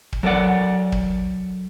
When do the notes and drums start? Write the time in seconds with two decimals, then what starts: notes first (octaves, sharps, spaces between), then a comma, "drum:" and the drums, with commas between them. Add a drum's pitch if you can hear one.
0.13 drum: kick
0.23 F#3 A4 A#4 C#5 D5 F#5
0.92 drum: kick